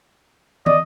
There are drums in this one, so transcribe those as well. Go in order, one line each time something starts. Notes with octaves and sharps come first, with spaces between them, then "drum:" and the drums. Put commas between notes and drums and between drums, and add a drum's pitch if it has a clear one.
D5 D#5, drum: tom